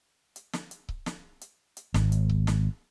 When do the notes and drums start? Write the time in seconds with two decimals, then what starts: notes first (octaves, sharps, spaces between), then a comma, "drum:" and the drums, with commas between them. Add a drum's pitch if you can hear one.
0.36 drum: hi-hat
0.53 drum: snare
0.71 drum: hi-hat
0.89 drum: kick C#1
1.06 drum: snare
1.41 drum: hi-hat
1.77 drum: hi-hat
1.94 G#1, drum: snare
2.12 drum: hi-hat
2.29 drum: kick C#1
2.47 drum: snare